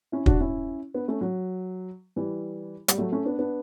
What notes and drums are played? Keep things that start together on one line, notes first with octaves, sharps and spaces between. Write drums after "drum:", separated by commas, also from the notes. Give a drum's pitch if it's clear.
C#4 E4
D4 F#4, drum: kick
C#4 E4
B3 D4
A3 C#4
F#3
E3 G3
G3, drum: hi-hat
F#3 A3
A3 C#4
B3 D4
B3 D4